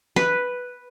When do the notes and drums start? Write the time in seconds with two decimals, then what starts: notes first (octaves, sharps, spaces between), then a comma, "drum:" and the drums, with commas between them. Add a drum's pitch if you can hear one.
0.16 B4, drum: snare